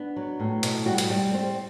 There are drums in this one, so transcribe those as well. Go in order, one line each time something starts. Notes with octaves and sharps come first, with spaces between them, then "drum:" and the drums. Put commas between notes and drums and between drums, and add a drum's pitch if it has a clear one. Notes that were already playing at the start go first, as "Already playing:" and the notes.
Already playing: B3 D4
F#3
A2
B2, drum: hi-hat
G3 F#4
drum: hi-hat
G3
C4